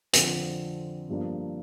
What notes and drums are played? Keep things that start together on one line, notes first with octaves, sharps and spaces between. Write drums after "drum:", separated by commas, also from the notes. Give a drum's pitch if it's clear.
F2 D3 F3 C4, drum: hi-hat
G1 G2 F3 A#3 D4